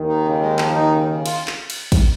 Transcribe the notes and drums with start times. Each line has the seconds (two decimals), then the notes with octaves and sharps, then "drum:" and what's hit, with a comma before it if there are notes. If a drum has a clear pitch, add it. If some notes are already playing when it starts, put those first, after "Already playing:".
Already playing: D#2 D#3
0.09 D#4
0.26 C#3
0.42 G#3
0.59 F3, drum: clap
0.75 D#4
0.92 C#3
1.08 C#3
1.26 F4, drum: cymbal
1.48 drum: clap
1.70 drum: cymbal
1.92 drum: kick, cymbal